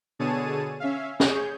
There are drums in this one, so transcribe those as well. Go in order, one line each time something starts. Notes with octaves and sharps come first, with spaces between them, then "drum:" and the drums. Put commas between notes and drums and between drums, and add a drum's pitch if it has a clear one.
B2 D3 G#4 C#5 A5 D#7
C#4 E5 F5
G#4 C#5 G6, drum: snare